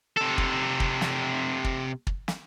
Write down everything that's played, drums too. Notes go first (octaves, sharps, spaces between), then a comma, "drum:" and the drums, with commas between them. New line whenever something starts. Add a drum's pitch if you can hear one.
C3 A4
drum: kick
drum: kick
drum: snare
drum: kick
drum: kick
drum: snare